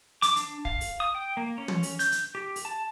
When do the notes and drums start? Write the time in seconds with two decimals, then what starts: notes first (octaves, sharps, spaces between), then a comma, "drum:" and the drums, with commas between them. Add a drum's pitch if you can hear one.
0.22 D6, drum: hi-hat
0.36 D4, drum: hi-hat
0.65 F5, drum: kick
0.81 drum: open hi-hat
1.00 D#6
1.15 G5
1.37 A#3
1.58 C#4
1.68 drum: tom
1.83 drum: open hi-hat
1.99 G6, drum: hi-hat
2.12 drum: hi-hat
2.35 G4
2.56 drum: open hi-hat
2.65 A5